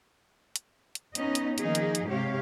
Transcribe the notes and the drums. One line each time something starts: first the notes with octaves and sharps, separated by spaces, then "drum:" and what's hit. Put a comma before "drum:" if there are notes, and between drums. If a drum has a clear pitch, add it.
drum: hi-hat
drum: hi-hat
B3 C#4 D#4 D#5, drum: hi-hat
drum: hi-hat
D#3 F3 A#3 D#4 G#4, drum: hi-hat
drum: hi-hat
drum: hi-hat
G#2 C3 G4 C#5 F5